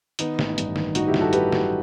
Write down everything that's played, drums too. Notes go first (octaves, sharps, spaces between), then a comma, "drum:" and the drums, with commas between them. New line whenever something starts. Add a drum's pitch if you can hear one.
D#3 B3 D#4, drum: hi-hat
A1, drum: snare
G2, drum: hi-hat
D#3, drum: snare
A1 D#4 F#4, drum: hi-hat
E4 G4
G2, drum: snare
F#4 A4
D#3 G4 B4, drum: hi-hat
F#3, drum: snare